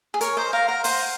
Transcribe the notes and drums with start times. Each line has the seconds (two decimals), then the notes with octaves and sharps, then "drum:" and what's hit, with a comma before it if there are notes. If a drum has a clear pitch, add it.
0.14 G#4
0.21 A#4 C#5, drum: hi-hat
0.37 C5 D#5
0.53 A#4 F5
0.68 A#4 F#5
0.84 C5 F#5, drum: open hi-hat